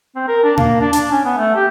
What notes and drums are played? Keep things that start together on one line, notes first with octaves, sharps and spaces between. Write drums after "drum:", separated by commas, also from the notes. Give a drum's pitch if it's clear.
C4
A#4
D4
A#3, drum: tom A#2
D4
D4, drum: hi-hat
C#4
B3
A3
G4